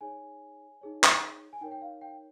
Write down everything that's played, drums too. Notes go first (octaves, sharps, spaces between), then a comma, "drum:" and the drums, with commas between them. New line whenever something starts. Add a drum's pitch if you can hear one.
D#4 G#4 C#5 G#5
D#4 G#4 C#5
drum: clap
G#5
D#4 A#4 C#5 G5
G5
F5
G5